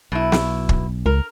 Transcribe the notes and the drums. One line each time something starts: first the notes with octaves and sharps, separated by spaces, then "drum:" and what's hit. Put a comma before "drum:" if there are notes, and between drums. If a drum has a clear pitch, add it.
B1 B2 E4
drum: snare
drum: kick
C#2 A#4